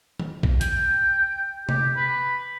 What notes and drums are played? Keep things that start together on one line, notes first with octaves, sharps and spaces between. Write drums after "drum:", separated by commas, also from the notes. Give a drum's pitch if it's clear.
drum: tom D#3
drum: kick A#1
G5, drum: hi-hat
G4, drum: tom C3
B4